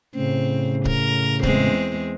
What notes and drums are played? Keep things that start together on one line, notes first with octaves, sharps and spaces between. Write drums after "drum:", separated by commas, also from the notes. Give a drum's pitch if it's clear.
A2 C#3 C4
A#4, drum: kick C#1
E2 G#3 C4, drum: kick C#1